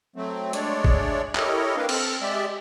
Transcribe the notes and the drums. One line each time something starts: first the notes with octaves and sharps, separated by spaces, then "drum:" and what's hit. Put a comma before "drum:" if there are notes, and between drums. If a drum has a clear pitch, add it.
F#3 A3 C4
G#3 A3 D4 C#5 D5, drum: hi-hat
drum: kick G#1
E4 G4 A4 A#4 C#5 D#5, drum: clap
A#3 C4 D4 A#4 B4 F5
C4 A4 F6, drum: cymbal
G#3 G4 D5 E5